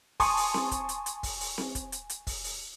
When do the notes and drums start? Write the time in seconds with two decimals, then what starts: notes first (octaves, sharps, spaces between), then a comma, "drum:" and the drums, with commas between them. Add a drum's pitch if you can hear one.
0.20 G#5 A5 C6 C#6 D#6, drum: kick, open hi-hat
0.37 drum: open hi-hat
0.54 drum: snare C4
0.71 drum: kick, hi-hat
0.89 drum: hi-hat
1.06 drum: hi-hat
1.23 drum: kick, open hi-hat
1.40 drum: open hi-hat
1.58 drum: snare C4
1.75 drum: kick, hi-hat
1.92 drum: hi-hat
2.10 drum: hi-hat
2.27 drum: kick, open hi-hat
2.44 drum: open hi-hat